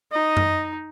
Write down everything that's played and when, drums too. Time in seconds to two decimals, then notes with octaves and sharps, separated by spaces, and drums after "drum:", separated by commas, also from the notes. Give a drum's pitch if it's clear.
0.12 D#4 D#5
0.37 drum: tom F#2